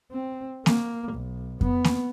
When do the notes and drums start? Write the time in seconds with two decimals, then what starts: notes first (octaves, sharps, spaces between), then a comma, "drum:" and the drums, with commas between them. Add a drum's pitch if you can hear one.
0.12 C4
0.66 A#3, drum: snare A#3
1.13 B1
1.61 B3, drum: kick F2
1.84 drum: snare A#3